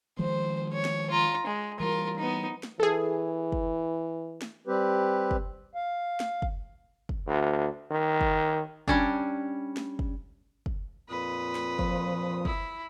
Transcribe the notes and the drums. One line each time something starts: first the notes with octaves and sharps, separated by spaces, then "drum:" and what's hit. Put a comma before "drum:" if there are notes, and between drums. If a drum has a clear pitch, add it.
D#3 F3 G#3 C5
C#5
drum: snare
F4 A#5
G#3
E3 G3 F4 A#4
B3 D#4
drum: snare
E3 G#4 A4
drum: kick
drum: snare
G3 C4 G4 B4
drum: kick
F5
drum: snare
drum: kick
drum: kick
D2
D#3
drum: kick
G3 C#4 D4, drum: kick
drum: snare
drum: kick
drum: kick
F2 A#2 B4 D#6
drum: snare
F3, drum: kick
E4, drum: kick